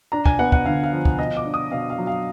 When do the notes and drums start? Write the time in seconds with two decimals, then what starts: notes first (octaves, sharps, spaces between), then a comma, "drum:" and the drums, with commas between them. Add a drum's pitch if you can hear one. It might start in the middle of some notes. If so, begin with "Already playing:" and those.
0.12 D4 A#5
0.26 G#5, drum: kick
0.39 B3 F#5
0.52 F#5, drum: kick
0.65 D3 F5
0.83 F5
0.92 F3
1.05 drum: kick
1.19 B2 D#5
1.37 D6
1.45 D4
1.54 D#6
1.72 B2 F5
1.90 F5
1.98 F#3
2.07 F5